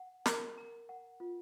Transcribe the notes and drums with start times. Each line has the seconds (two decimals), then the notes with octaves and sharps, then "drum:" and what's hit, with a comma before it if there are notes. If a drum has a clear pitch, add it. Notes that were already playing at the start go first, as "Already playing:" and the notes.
Already playing: F#5
0.26 A#4, drum: snare
0.58 A#5
0.89 F#5
1.20 F4